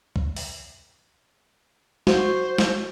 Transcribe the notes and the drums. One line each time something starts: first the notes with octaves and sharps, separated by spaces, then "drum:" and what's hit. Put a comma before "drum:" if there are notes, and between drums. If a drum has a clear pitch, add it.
drum: kick
drum: open hi-hat
F#4 C5, drum: snare
drum: snare